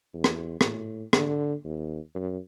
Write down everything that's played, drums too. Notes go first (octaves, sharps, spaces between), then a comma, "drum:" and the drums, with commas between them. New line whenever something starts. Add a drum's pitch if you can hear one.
E2
drum: rim click
A2, drum: rim click
D3, drum: rim click
D#2
F#2